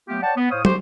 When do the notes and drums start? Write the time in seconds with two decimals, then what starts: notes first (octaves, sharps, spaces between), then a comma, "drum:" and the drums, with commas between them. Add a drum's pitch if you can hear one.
0.08 F#3 A3 B3 F4 G4
0.23 C#5 D5 F#5 G5 A5
0.37 B3
0.51 A2 C5 C#5 F5 C#6 D#6
0.65 F#4 G4 C5, drum: tom